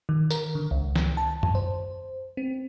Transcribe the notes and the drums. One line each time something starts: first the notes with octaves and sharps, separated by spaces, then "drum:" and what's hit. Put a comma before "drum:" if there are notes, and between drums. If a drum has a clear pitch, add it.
D#3
A#4, drum: tambourine
D3
C#2
drum: snare
A5
drum: tom
C5
C4